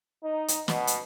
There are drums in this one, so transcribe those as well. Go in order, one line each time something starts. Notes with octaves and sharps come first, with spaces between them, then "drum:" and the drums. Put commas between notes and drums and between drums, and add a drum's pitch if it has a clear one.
D#4
drum: hi-hat
B2, drum: snare
drum: hi-hat